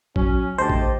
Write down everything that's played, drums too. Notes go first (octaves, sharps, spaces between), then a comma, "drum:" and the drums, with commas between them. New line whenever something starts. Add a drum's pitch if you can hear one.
F#3 C#4, drum: kick A1
D2 G4 C5 D#5 A5
drum: kick A1